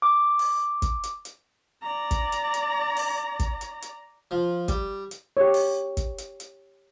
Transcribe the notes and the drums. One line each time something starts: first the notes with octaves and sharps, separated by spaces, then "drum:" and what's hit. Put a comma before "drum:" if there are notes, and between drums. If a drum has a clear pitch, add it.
D6
drum: open hi-hat
drum: kick, hi-hat
drum: hi-hat
drum: hi-hat
D5 A#5
drum: kick, hi-hat
drum: hi-hat
drum: hi-hat
drum: open hi-hat
drum: kick, hi-hat
drum: hi-hat
drum: hi-hat
F3
G3, drum: kick, hi-hat
drum: hi-hat
G4 C#5
drum: open hi-hat
drum: kick, hi-hat
drum: hi-hat
drum: hi-hat